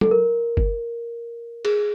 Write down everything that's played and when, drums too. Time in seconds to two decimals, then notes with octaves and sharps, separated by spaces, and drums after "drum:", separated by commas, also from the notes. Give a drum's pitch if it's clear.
0.01 A4, drum: tom
0.11 A#4
0.57 drum: kick F#1
1.65 G#4, drum: cymbal